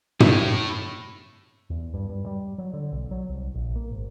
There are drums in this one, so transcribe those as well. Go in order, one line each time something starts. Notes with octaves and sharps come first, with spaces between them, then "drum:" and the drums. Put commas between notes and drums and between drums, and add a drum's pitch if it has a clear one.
A2, drum: tom
E2
G2
G2
G3
F#3
D3
B1
F#3
C2
A#1
A#3
G#1